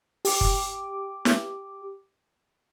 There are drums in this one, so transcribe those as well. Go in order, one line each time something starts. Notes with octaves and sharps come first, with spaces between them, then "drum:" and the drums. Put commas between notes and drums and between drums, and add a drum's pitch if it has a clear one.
G4 D6, drum: open hi-hat
drum: kick
drum: snare